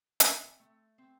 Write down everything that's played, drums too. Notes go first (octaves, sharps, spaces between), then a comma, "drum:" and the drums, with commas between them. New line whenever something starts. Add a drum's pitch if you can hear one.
C4 E5, drum: hi-hat
A3
C4